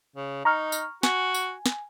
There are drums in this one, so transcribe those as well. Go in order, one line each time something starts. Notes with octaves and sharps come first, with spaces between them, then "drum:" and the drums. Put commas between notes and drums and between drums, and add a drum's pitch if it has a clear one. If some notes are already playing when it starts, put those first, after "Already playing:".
C#3
D#4 A#5 C#6 F6
drum: tambourine
F#4 G#5, drum: snare
drum: tambourine
drum: snare